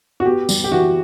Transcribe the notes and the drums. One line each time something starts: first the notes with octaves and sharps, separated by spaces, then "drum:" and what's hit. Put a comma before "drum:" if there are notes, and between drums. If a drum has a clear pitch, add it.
F#4
B3 G4
G3, drum: tambourine
G4
E3 F#4